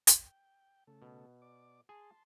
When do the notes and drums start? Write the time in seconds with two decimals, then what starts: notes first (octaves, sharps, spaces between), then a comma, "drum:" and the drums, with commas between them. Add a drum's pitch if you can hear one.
0.07 drum: hi-hat
0.24 G5
0.87 C#3 A3 A4
1.02 B2
1.42 D5 D6
1.89 G#4 G#5 A5 C6